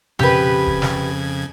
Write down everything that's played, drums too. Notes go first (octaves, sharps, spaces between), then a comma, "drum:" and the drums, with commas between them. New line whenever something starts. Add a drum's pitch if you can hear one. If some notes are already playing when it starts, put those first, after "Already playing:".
F2 C#3 G4 B4 G#6, drum: tom B2
drum: kick E1
drum: snare